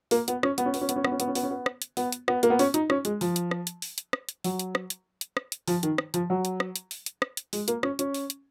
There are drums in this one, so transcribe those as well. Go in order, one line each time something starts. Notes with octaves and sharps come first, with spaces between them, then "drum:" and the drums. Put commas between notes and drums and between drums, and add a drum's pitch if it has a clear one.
A#3, drum: open hi-hat
B3, drum: hi-hat
C#4, drum: rim click
B3, drum: hi-hat
C#4
B3, drum: open hi-hat
C#4
B3, drum: hi-hat
C#4
B3, drum: rim click
C#4
B3, drum: hi-hat
C#4
B3, drum: open hi-hat
C#4
B3
drum: rim click
drum: hi-hat
B3, drum: open hi-hat
drum: hi-hat
B3, drum: rim click
A#3, drum: hi-hat
B3
C#4, drum: open hi-hat
D#4, drum: hi-hat
C#4, drum: rim click
G#3, drum: hi-hat
F3, drum: open hi-hat
drum: hi-hat
drum: rim click
drum: hi-hat
drum: open hi-hat
drum: hi-hat
drum: rim click
drum: hi-hat
F#3, drum: open hi-hat
drum: hi-hat
drum: rim click
drum: hi-hat
drum: hi-hat
drum: rim click
drum: hi-hat
F3, drum: open hi-hat
D#3, drum: hi-hat
drum: rim click
F3, drum: hi-hat
F#3
drum: hi-hat
drum: rim click
drum: hi-hat
drum: open hi-hat
drum: hi-hat
drum: rim click
drum: hi-hat
G#3, drum: open hi-hat
A#3, drum: hi-hat
C#4, drum: rim click
C#4, drum: hi-hat
drum: open hi-hat
drum: hi-hat